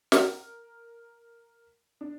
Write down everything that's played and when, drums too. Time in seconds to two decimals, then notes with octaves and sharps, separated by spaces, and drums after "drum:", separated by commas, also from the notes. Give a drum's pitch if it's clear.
0.12 drum: snare
0.22 A#4
2.01 D4